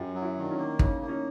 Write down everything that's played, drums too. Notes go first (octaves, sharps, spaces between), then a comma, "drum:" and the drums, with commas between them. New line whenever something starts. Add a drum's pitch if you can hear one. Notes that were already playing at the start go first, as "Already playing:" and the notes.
Already playing: F#2 F4 G4
F#3
E4 F#4
D#3 D4
C#4 D#4
A#3
C#3 C#4 D#4, drum: kick
A#3
C#4 D#4